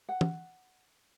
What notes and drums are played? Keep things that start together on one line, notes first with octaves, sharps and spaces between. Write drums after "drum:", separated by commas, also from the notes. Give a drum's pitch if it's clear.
F#5
drum: tom